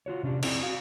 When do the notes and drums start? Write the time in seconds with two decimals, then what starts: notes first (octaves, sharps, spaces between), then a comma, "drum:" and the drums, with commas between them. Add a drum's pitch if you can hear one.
0.06 F4 F#4 C#5
0.23 C3 C#4 D4 G4
0.43 C4 E4 G#4 D5, drum: cymbal
0.63 F#4 F5